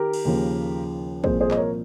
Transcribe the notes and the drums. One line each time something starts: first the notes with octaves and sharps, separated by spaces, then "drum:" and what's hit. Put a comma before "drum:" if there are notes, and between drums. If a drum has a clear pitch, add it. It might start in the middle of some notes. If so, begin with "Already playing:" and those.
Already playing: D#3 G4 A#4
drum: cymbal
D#2 C#3 F3
C2 A#2 F3 G#4 C5, drum: kick
G#4 C5
D#5, drum: clap
A#4 C#5